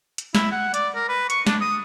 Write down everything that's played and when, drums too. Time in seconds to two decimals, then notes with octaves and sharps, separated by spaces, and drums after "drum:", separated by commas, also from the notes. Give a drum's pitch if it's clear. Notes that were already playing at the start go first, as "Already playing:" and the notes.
0.18 drum: hi-hat
0.35 E4, drum: snare
0.52 F#5
0.74 D5, drum: hi-hat
0.95 A#4
1.09 B4
1.30 C#6, drum: hi-hat
1.47 D4, drum: snare
1.61 D#6